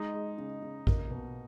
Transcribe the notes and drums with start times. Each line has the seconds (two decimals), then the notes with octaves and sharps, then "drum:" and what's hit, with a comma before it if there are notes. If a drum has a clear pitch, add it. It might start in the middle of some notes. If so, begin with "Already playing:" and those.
Already playing: G#3 D#4
0.14 G#3
0.38 C#3
0.62 C#3
0.87 A#3, drum: kick A1
1.11 B2